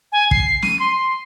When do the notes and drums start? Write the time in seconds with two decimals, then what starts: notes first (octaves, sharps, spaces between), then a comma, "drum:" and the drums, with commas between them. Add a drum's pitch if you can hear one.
0.12 G#5
0.31 C7, drum: kick
0.62 D#7, drum: snare
0.80 C6